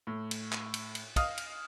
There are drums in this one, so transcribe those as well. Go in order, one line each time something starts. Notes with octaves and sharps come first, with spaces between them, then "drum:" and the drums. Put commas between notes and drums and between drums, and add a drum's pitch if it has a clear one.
A2
drum: cymbal
drum: clap
drum: cymbal
drum: cymbal
D#5 F5 D#6 F6, drum: kick, cymbal
drum: cymbal